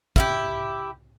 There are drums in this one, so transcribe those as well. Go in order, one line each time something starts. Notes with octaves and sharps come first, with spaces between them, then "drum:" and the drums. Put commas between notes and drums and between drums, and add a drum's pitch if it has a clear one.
E4 F4 G4, drum: kick